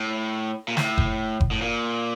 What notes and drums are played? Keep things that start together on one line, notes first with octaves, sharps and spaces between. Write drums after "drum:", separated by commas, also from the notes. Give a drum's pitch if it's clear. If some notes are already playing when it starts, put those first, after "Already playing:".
Already playing: A2
A#2
A2, drum: snare
drum: kick F#1
drum: kick F#1
A2
A#2